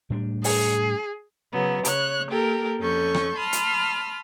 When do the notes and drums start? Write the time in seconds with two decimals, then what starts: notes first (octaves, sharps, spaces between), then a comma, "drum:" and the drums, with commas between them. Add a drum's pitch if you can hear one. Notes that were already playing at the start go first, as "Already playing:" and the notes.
0.10 A2 G3 D4
0.44 G#4, drum: open hi-hat
1.53 C#3 F#3 B3
1.85 C#3 C#5 F#6, drum: hi-hat
2.30 A#3 G4 A4 A#4
2.81 F2 C#4 A4 C#6 G6
3.14 drum: rim click
3.37 A5 B5 C6 D#6 F6
3.53 drum: hi-hat